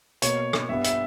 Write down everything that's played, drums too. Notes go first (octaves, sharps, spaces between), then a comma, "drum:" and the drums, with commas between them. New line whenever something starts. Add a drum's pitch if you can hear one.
B2 A#3 C#5, drum: hi-hat
drum: rim click
G2 G3 B3 E5
E5, drum: hi-hat